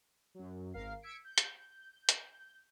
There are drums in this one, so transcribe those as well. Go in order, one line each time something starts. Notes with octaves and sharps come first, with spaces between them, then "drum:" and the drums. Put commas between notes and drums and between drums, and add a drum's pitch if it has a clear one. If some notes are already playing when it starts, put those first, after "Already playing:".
F#2 F#3
G#1 A#4 F5 C7
E6 G#6 B6 C#7 D7
G6
drum: hi-hat
drum: hi-hat